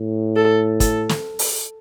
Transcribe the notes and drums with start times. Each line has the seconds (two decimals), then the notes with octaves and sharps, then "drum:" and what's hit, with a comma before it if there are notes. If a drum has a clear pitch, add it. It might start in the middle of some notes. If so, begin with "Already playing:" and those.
Already playing: A2
0.36 A4
0.80 A4, drum: kick, hi-hat
1.09 drum: snare
1.39 drum: open hi-hat